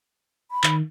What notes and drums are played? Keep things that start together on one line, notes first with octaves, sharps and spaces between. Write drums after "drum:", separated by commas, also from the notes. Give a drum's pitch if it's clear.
B5
D#3, drum: clap